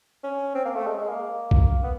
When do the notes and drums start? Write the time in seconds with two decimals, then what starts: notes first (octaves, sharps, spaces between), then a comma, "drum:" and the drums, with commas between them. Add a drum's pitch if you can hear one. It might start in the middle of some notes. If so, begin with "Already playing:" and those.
0.23 C#4
0.55 C4
0.65 A#3
0.76 A3
0.87 G#3
0.98 G#3
1.09 A#3
1.51 drum: kick
1.83 B3